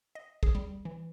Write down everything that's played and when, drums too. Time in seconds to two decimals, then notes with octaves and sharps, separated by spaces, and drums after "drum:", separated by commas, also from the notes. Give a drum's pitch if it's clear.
0.15 D#5
0.43 G#4, drum: kick
0.55 G3
0.85 E3